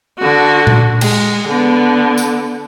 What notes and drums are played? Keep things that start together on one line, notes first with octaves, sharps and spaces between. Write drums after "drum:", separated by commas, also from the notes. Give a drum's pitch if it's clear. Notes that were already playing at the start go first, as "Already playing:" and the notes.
D3 F#4
drum: tom A#2
G#3, drum: cymbal
D3 B3
drum: tambourine